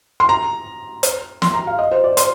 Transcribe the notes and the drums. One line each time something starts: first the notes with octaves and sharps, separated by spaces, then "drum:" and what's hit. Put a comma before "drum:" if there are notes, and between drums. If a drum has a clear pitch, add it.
C6
A#5
drum: hi-hat
C6, drum: snare
A#5
F5
D#5
C5
D5
C6, drum: hi-hat